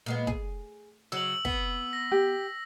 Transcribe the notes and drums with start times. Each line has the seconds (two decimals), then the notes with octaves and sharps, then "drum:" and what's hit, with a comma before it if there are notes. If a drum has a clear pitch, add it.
0.06 A#2 G#3 B3
0.27 G#4, drum: kick
1.12 C#3 F#3 E6 F#7
1.45 B3 B6, drum: kick
1.93 A#6
2.12 G4